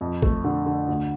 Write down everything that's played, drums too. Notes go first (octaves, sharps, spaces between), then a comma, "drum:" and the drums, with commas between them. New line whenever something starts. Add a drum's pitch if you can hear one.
F2
A3, drum: kick
D3
D3
D2